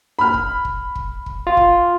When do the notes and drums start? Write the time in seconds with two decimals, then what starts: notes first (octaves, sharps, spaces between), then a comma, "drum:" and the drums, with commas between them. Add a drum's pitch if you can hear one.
0.19 B5 F6
0.34 drum: kick
0.65 drum: kick
0.95 drum: kick
1.26 drum: kick
1.47 F4
1.57 drum: kick